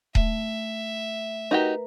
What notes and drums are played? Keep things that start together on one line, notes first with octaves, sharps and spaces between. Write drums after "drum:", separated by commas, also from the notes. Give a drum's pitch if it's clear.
A3 E5, drum: kick D#1
D#4 F#4 G4 A#4 B4 A#5